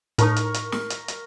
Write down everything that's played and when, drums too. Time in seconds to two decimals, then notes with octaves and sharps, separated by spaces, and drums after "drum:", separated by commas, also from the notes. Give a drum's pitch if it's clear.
0.18 A2 D#4 A#4 C#6, drum: hi-hat
0.36 drum: hi-hat
0.54 drum: hi-hat
0.72 drum: snare
0.90 drum: hi-hat
1.08 drum: hi-hat